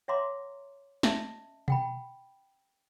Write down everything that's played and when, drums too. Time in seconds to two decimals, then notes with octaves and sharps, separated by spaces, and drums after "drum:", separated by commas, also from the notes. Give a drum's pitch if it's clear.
0.08 C#5 E5 F#5 A#5 C6 D6
1.03 C#4 D#5 E5 A5, drum: snare
1.68 F#5 G5 B5, drum: tom B2